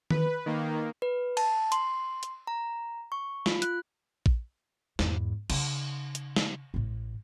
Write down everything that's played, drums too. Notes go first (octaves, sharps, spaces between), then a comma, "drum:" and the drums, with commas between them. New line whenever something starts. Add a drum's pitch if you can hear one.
B4, drum: tom D#3
D#3 A#3
B4
A5, drum: cymbal
C6, drum: hi-hat
drum: hi-hat
A#5
C#6
F4, drum: snare
F#6, drum: hi-hat
drum: kick A#1
E2 G#2, drum: snare
C#3 D#4, drum: cymbal
drum: hi-hat
drum: snare
A1 A2